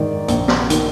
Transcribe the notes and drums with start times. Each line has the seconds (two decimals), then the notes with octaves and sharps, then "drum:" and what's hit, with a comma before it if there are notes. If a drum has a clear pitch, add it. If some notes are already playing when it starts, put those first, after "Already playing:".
Already playing: G#2 D#3 D5
0.28 A#1, drum: hi-hat
0.48 drum: snare
0.70 D#3, drum: hi-hat